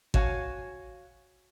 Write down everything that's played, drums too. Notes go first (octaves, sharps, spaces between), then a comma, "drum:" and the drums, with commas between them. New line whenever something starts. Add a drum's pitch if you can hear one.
F#4 C#5 F5 G#5, drum: kick